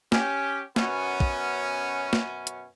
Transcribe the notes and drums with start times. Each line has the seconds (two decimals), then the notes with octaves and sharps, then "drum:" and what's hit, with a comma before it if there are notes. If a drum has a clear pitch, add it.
0.12 C#4 G4, drum: snare
0.76 F#2 B2 B3 C#4, drum: snare
1.20 drum: kick
2.13 drum: snare
2.47 drum: hi-hat